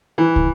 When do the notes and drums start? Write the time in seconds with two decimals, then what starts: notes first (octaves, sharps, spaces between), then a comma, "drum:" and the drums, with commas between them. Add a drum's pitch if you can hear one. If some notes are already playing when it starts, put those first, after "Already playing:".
0.18 E3
0.36 drum: kick